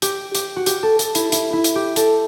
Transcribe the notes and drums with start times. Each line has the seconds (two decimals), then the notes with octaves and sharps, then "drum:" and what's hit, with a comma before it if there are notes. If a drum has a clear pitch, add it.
0.02 G4, drum: hi-hat
0.35 G4, drum: hi-hat
0.56 F#4
0.66 G4, drum: hi-hat
0.83 A4
0.99 A4, drum: hi-hat
1.15 E4, drum: hi-hat
1.32 E4, drum: hi-hat
1.53 E4
1.64 drum: hi-hat
1.75 G4
1.96 A4, drum: hi-hat